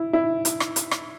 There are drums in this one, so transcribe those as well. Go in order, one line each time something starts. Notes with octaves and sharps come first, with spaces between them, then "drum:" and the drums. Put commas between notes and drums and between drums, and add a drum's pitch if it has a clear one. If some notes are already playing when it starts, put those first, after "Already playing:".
Already playing: E4
E4
drum: hi-hat
drum: rim click
drum: hi-hat
drum: rim click